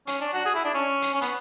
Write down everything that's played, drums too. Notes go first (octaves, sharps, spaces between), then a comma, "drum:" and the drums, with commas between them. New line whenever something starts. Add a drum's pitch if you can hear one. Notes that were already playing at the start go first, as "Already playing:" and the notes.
C#4, drum: hi-hat
D4
F#4
G#4
E4
D4
C#4
drum: hi-hat
C#4
B3, drum: hi-hat